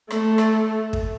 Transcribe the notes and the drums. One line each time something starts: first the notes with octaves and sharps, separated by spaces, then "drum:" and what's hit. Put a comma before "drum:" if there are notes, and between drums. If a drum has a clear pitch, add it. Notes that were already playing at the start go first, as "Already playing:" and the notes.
A3, drum: rim click
drum: rim click
drum: kick